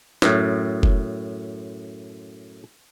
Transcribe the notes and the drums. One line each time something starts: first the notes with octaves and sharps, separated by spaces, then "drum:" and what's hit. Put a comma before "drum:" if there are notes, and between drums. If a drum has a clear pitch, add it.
F#2 A2, drum: snare
drum: kick F1